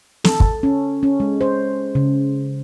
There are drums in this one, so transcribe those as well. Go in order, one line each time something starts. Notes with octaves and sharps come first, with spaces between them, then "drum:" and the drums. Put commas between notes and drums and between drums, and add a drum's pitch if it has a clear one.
A4, drum: snare
drum: kick
C#4
C#4
G#3
C5
C#3